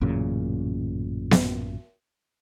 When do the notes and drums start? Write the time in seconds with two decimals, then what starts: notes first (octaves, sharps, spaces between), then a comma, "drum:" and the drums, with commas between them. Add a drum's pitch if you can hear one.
0.01 A1 F#2 A#2 C#3
1.31 drum: snare B3